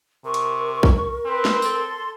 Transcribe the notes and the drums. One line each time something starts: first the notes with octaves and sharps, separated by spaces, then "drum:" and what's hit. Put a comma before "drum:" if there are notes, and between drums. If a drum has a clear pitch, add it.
C3 A#4 C#6
drum: hi-hat
drum: kick B1
C4 B4
drum: snare
A4 C6, drum: tambourine